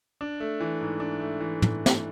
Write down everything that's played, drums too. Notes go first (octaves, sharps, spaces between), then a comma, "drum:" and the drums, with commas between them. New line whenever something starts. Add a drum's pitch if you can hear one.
D4
A3
E3
G#2
D4
A3
E3
drum: tom
drum: snare